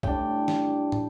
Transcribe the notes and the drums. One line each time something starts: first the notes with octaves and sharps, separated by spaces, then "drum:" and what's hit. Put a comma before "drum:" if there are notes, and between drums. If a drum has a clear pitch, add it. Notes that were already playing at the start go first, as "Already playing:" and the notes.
A2 G3 D4 G5, drum: kick
drum: snare
drum: tom